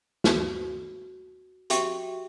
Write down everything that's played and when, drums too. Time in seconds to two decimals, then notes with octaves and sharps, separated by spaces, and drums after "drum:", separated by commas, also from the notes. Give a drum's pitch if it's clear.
0.24 F#4, drum: snare
1.70 F#4 G4 E5 G5 C#6, drum: hi-hat